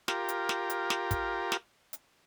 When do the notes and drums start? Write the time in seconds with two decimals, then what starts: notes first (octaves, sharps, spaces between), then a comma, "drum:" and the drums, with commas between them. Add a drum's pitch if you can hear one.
0.08 F4 G4 A#4, drum: snare
0.29 drum: hi-hat
0.49 drum: snare
0.70 drum: hi-hat
0.90 drum: snare
1.11 drum: kick, hi-hat
1.52 drum: snare
1.93 drum: hi-hat